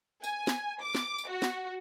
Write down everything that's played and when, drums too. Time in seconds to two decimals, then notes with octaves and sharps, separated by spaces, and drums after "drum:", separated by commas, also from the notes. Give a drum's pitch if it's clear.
0.24 G#5, drum: tambourine
0.47 drum: snare
0.82 D6
0.95 drum: snare
1.18 drum: tambourine
1.29 F#4
1.42 drum: snare